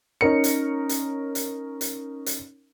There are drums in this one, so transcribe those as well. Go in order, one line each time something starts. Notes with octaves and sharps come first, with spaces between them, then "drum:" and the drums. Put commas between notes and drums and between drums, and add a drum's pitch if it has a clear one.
C#4 D#4 A#4 C#7
drum: hi-hat
drum: hi-hat
drum: hi-hat
drum: hi-hat
drum: hi-hat